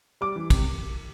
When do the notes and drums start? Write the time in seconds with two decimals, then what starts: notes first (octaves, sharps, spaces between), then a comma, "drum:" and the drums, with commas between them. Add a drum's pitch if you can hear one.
0.21 G3 D6
0.36 E3
0.50 C3, drum: kick, cymbal